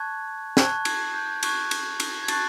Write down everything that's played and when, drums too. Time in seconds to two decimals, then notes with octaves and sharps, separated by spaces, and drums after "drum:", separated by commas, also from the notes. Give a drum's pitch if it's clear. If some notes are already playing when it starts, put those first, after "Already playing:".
Already playing: A5 C#6 F#6 G#6
0.57 A5 C#6 F#6 G#6, drum: snare
0.85 G#6, drum: cymbal
1.14 G6
1.43 A5 C#6 F#6 G#6, drum: cymbal
1.71 drum: cymbal
2.00 drum: cymbal
2.24 G#6
2.28 A5 C#6 F#6 A6, drum: cymbal